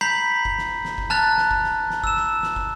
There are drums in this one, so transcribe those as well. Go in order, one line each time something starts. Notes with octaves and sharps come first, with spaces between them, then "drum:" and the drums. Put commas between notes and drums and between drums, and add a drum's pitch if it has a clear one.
A#5 B5 G6 B6 C7 F#7
drum: kick
drum: snare
drum: snare
drum: kick
A5 A#5 F6 F#6 A6, drum: snare
drum: snare
drum: kick
drum: snare
drum: snare
E6 E7, drum: kick
drum: snare
drum: snare
drum: kick